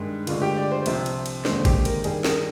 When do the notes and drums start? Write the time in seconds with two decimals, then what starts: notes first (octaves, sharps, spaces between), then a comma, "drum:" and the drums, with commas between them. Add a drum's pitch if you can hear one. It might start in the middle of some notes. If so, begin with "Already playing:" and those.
Already playing: G2 D#3 G#3
0.27 D2 D3 G#3 F4, drum: cymbal
0.42 G4
0.57 D5
0.72 C5
0.86 C2 C3 F3, drum: cymbal
1.06 drum: cymbal
1.26 drum: cymbal
1.45 D#2 D3 G#3 C5, drum: snare
1.65 G4, drum: kick, cymbal
1.85 A#4, drum: cymbal
2.04 G2 D#3 G3 G#4, drum: cymbal
2.24 A#4, drum: snare